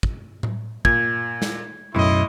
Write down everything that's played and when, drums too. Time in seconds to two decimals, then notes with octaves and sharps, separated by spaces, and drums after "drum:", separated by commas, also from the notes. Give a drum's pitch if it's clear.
0.03 drum: kick
0.43 drum: tom A2
0.85 A#2 G#6, drum: kick
1.42 drum: snare
1.94 B1 F#2 A2 E4 D#5 C6